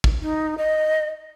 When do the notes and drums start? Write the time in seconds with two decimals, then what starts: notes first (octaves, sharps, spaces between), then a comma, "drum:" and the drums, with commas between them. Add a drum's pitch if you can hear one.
0.04 drum: kick
0.22 D#4
0.58 D#5